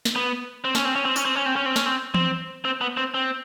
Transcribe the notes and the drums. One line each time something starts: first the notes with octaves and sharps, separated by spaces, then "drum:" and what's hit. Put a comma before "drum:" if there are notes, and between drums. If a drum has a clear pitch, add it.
drum: snare
B3
C4
C#4, drum: snare
C4
C#4
C4
C#4, drum: tambourine
C4
C#4
C4
C#4
C4
C#4, drum: snare
C4
C4, drum: tom E3
C4
B3
C4
C4